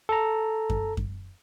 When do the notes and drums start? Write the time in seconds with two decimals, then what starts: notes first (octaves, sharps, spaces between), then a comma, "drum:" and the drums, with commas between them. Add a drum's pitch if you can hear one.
0.09 A4 A#5
0.70 drum: kick F#2
0.97 drum: kick F#2